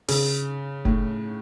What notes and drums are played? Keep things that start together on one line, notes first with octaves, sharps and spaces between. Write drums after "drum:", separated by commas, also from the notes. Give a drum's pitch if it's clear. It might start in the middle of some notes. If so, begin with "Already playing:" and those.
C#3, drum: open hi-hat
A2, drum: kick F1